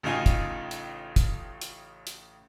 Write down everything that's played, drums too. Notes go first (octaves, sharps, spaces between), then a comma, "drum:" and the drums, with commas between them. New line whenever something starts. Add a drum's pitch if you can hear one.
A1 A2 C#3 D#4 F4 G#5
drum: kick, hi-hat
drum: hi-hat
drum: kick, hi-hat
drum: hi-hat
drum: hi-hat